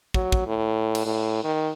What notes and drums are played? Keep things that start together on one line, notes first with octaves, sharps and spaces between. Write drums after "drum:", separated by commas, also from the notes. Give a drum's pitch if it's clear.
F#3, drum: kick
drum: kick
A2
drum: cymbal
A2
D#3